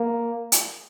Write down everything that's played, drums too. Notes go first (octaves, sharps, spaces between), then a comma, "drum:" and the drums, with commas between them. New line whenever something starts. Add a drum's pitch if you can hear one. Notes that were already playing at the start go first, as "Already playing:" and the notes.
Already playing: A#3
drum: hi-hat